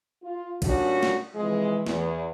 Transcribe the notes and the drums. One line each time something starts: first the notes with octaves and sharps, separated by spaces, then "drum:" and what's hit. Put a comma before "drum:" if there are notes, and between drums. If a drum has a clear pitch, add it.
F4
A#2 G3 A3 C#4 D4 F#4, drum: kick, cymbal
drum: snare
C3 E3 F3 G#3
E2, drum: snare